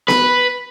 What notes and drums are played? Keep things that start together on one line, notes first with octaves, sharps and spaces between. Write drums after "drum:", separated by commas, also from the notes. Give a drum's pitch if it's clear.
B4, drum: snare B3